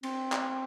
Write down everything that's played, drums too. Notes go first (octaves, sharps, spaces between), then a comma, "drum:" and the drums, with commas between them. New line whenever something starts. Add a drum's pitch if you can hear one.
C4, drum: cymbal
drum: clap